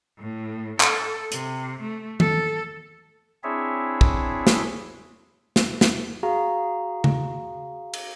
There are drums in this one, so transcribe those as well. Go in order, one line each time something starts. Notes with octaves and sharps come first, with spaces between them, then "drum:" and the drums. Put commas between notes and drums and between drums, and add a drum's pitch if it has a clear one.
A2
A4, drum: clap
C3, drum: hi-hat
A3
A4, drum: tom D#3
C4 D4 E4 G#4 C#5 E5
drum: kick
drum: snare
drum: snare
drum: snare
F#4 G#4 F5 A#5
drum: tom C#3
drum: cymbal